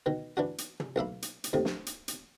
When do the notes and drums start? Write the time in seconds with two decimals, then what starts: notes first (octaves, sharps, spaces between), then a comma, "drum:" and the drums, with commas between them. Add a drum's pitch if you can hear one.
0.06 B2 D#3
0.37 E3 D4 F#4
0.58 drum: hi-hat
0.80 drum: tom
0.96 B1 A#3 E5 B5
1.22 drum: hi-hat
1.44 drum: hi-hat
1.53 D#2 A2 C3
1.65 drum: snare
1.86 drum: hi-hat
2.08 drum: hi-hat